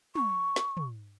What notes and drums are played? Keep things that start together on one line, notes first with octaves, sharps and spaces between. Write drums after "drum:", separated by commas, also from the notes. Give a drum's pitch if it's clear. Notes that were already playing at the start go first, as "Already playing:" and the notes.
C#6, drum: tom
drum: snare
drum: tom